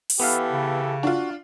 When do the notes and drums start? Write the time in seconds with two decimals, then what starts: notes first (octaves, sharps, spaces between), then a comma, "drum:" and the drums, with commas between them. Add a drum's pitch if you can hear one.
0.10 drum: open hi-hat
0.20 E3 B3 G4 A4 F5
0.52 C#3
1.03 D4 F4 F#4